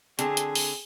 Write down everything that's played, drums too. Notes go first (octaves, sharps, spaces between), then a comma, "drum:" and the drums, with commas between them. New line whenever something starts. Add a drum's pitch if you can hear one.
D3 C4 G#4 A5, drum: hi-hat
drum: hi-hat
drum: open hi-hat